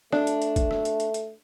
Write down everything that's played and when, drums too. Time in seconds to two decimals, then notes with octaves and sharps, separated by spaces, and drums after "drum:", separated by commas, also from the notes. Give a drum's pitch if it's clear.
0.12 A3 D4, drum: rim click F#4
0.27 drum: hi-hat
0.42 drum: hi-hat
0.56 drum: kick, hi-hat
0.71 drum: rim click F#4
0.85 drum: hi-hat
1.00 drum: hi-hat
1.14 drum: hi-hat